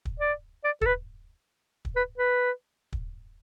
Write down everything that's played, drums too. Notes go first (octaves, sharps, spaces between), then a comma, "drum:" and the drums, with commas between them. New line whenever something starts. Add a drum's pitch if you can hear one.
drum: kick
D5
D5
A4, drum: kick
B4
drum: kick
B4
B4
drum: kick